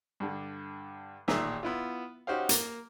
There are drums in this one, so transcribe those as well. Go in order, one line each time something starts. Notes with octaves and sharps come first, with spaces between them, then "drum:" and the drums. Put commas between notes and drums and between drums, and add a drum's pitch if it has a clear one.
G2 D3
A1 A#2 D#3 G#4 E5 A#5, drum: snare
B3 E4 F4
C#4 D#4 F#4 G4 C5 F5
A#3, drum: hi-hat